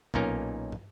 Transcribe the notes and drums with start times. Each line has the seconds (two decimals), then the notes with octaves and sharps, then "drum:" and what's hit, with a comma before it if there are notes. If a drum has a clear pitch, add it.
0.14 B1 A#2 A#3 C#4 D#4 A#4, drum: kick
0.72 drum: tom